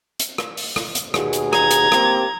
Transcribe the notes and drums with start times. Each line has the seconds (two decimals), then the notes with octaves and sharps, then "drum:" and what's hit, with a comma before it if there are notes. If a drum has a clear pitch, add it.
0.20 drum: hi-hat
0.38 drum: rim click
0.57 drum: open hi-hat
0.76 drum: rim click
0.95 drum: hi-hat
1.14 D#2 B2 G#4, drum: rim click
1.33 drum: hi-hat
1.53 A#5 G#6, drum: rim click
1.71 drum: hi-hat
1.92 A#3 C4 G4, drum: rim click